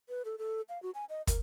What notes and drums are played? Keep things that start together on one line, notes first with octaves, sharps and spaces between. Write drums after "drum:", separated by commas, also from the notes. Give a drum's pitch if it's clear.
B4
A4
A4
F5
F#4
G#5
D#5
A#4, drum: kick, hi-hat